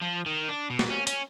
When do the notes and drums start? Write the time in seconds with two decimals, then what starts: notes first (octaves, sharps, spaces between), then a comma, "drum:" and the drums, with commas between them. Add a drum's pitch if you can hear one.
0.02 F3
0.26 D#3
0.49 D4
0.70 B2
0.79 drum: snare
0.90 C#4
1.07 C#4, drum: hi-hat